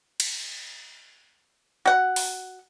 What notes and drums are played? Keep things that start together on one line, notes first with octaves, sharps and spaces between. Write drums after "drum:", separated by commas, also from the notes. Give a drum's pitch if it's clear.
drum: cymbal
F#4 F#5
drum: open hi-hat